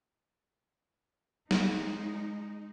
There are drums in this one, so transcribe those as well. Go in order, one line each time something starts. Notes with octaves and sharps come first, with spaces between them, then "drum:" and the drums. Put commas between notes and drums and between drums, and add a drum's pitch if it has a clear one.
G#3 D#4, drum: snare